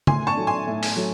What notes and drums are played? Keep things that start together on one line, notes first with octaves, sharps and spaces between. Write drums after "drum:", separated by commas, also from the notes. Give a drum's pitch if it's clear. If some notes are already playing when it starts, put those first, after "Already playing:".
A2 G#5 C6, drum: tom
A5 C#6
F#3 A3
G#5 C6
A2
drum: open hi-hat
F#3 A3